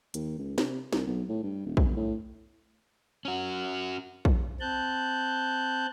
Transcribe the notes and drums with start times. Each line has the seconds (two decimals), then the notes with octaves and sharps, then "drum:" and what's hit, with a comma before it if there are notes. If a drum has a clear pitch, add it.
0.14 D#2, drum: hi-hat
0.38 C#2
0.58 C3, drum: snare
0.93 C2, drum: snare
1.07 B1
1.29 A2
1.43 G2
1.66 D#1
1.77 G1, drum: kick A#1
1.96 A2
3.25 C#4 F#4
4.25 drum: kick A#1
4.60 C4 A5 F#6 G6